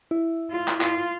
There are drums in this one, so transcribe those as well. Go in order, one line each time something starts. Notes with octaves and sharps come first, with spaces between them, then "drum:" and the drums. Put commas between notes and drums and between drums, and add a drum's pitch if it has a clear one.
E4
F4
drum: clap
F4, drum: clap